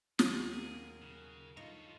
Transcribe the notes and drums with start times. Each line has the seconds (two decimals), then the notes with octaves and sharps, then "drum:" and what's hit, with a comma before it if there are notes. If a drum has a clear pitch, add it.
0.19 D#1 D#2 F#3 C#4 G#4, drum: snare
0.54 A#4
1.03 C#3 F#6
1.57 D#4 F4 A4 C#5